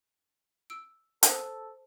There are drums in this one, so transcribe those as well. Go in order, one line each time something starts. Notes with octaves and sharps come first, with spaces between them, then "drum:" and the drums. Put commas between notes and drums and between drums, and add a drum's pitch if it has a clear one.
E6 D7
A4 C5 D#6 F#6, drum: hi-hat